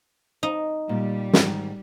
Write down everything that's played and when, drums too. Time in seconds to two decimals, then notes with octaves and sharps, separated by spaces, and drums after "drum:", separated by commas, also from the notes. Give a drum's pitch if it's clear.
0.43 D#4
0.89 A#2 G3
1.33 G#2 D#3, drum: snare